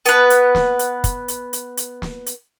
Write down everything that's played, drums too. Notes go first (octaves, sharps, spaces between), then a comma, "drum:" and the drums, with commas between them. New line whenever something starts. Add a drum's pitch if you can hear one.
B3 B4, drum: hi-hat
drum: hi-hat
drum: snare
drum: hi-hat
drum: kick, hi-hat
drum: hi-hat
drum: hi-hat
drum: hi-hat
drum: snare
drum: hi-hat